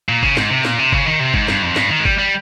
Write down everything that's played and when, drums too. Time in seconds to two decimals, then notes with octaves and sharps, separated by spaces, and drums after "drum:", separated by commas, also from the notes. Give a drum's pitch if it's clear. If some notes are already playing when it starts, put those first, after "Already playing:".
0.09 A#2
0.23 C#3, drum: kick
0.37 G#2, drum: snare
0.50 C3
0.65 A#2, drum: snare
0.79 C3
0.93 C#3, drum: kick
1.06 D#3
1.20 C3
1.34 G#2, drum: kick
1.48 G2, drum: snare
1.63 F2
1.76 G2, drum: snare
1.91 D#3
1.99 G#3
2.05 G3, drum: kick
2.18 G3